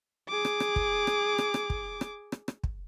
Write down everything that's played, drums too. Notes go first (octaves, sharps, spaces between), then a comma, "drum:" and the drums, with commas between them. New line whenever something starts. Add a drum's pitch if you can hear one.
G#4 D6
drum: rim click
drum: rim click
drum: kick
drum: rim click
drum: rim click
drum: rim click
drum: kick
drum: rim click
drum: rim click
drum: rim click
drum: kick